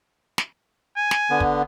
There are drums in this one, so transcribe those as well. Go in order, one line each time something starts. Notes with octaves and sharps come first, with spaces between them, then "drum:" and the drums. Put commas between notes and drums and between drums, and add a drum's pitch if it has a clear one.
drum: snare
G#5
drum: snare
D3 B3
drum: kick